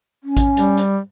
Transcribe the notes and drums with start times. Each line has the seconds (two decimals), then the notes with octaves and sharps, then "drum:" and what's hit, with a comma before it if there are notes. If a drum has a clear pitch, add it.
0.24 C#4
0.37 drum: kick A1, hi-hat
0.57 G3, drum: hi-hat
0.77 drum: hi-hat